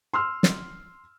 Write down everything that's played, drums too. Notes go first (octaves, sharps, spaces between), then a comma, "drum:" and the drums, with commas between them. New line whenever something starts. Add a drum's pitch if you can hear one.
C6 E6 F6
drum: snare